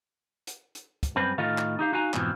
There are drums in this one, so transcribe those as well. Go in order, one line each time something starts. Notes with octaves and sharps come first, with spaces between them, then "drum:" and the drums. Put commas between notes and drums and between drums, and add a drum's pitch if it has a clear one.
drum: hi-hat
drum: hi-hat
drum: kick, hi-hat
F#2 G3 C4 B4
A2 D#3 F4 A4 D#5 F5
drum: clap
D#4 G4 F5
D#4 F#4 F5 G#5 A#5
F2 G#2 B2 E3 F3, drum: clap